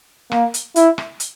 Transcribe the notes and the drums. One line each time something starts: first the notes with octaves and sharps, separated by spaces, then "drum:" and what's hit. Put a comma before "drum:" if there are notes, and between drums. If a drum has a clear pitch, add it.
A#3, drum: rim click
drum: hi-hat
E4, drum: hi-hat
drum: rim click
drum: hi-hat